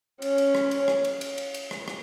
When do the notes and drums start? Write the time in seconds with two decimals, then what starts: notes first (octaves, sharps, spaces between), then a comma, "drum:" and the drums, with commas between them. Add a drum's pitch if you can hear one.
0.22 C#4, drum: cymbal
0.38 drum: cymbal
0.55 drum: rim click
0.71 drum: cymbal
0.88 drum: rim click
1.05 drum: cymbal
1.21 drum: cymbal
1.38 drum: cymbal
1.54 drum: cymbal
1.71 drum: rim click
1.88 drum: rim click